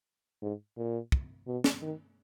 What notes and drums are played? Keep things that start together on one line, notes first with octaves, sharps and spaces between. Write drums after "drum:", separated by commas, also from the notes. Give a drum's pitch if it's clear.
G#2
A#2
drum: kick
B2
drum: snare
D#3